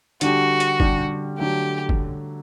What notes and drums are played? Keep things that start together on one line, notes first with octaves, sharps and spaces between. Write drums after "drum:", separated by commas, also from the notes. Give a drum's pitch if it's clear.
D3 G3 D4 F#4 G4, drum: hi-hat
drum: hi-hat
D3 G3 D4 G4, drum: kick
D3 F#3 A3 G4
drum: kick